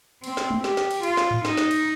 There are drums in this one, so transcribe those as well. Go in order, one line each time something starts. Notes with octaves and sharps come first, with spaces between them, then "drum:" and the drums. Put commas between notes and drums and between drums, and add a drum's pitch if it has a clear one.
C4, drum: cymbal
drum: snare
drum: tom
G4, drum: snare
drum: snare
drum: cymbal
F4, drum: cymbal
drum: snare
drum: tom G#2
D#4, drum: snare
drum: snare
drum: cymbal